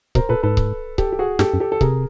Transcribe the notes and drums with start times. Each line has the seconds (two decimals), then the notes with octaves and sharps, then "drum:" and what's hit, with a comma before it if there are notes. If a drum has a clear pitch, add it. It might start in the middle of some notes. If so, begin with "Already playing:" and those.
0.15 B2 A#4 C5, drum: kick C#1
0.29 A#2 A4 B4
0.43 G#2 A4 B4
0.57 drum: kick C#1
0.98 G4 A4, drum: kick C#1
1.12 G4
1.19 F#4 G#4
1.39 G2 G4 A4, drum: snare
1.54 F#2
1.60 G4 A4
1.72 A4
1.81 C3 G#4 A#4, drum: kick C#1